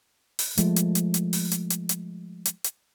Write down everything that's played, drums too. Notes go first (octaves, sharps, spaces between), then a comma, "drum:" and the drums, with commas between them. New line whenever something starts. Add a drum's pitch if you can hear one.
drum: open hi-hat
F3 G#3 A3, drum: hi-hat
drum: hi-hat
drum: hi-hat
drum: hi-hat
drum: open hi-hat
drum: hi-hat
drum: hi-hat
drum: hi-hat
drum: hi-hat
drum: hi-hat